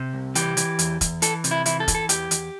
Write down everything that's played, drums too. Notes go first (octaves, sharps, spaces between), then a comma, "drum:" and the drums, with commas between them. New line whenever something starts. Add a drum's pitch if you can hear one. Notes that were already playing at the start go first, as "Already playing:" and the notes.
Already playing: C3
C2
E3 G4, drum: hi-hat
E3, drum: hi-hat
E2, drum: hi-hat
E2, drum: kick, hi-hat
E3 A4, drum: hi-hat
C3, drum: hi-hat
E4
E3 E4, drum: hi-hat
A4
E3, drum: kick, hi-hat
A4
E2 G4, drum: hi-hat
E2, drum: hi-hat